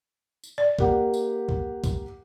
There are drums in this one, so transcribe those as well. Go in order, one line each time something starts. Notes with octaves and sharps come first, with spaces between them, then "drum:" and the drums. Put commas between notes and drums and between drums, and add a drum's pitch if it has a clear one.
drum: tambourine
D5
A#3 G4 F#5, drum: kick
drum: tambourine
drum: kick
drum: kick, tambourine